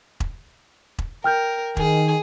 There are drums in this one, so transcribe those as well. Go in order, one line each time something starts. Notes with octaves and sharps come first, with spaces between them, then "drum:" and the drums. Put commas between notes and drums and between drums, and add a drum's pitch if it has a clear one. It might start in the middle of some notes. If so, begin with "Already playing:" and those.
drum: kick E1
drum: kick E1
A#4 G5 F6 G6
D#3 G#4, drum: kick E1